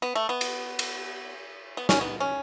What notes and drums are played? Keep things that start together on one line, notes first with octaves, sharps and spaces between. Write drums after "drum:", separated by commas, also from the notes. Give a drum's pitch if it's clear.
B3
A3
B3
drum: cymbal
drum: cymbal
B3
C#4, drum: snare
B3
C#4